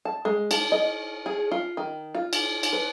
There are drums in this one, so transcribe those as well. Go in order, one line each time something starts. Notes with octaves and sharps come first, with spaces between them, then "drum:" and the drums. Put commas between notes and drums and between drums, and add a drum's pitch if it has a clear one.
A5
G#3
A5, drum: cymbal
D#5
G#4
F4
D#3
F4
drum: cymbal
drum: cymbal
B4